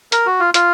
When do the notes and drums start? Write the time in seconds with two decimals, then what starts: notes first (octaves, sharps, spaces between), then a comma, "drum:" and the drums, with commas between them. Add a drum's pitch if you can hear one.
0.12 A#4, drum: hi-hat
0.26 F#4
0.40 F4
0.54 F4, drum: hi-hat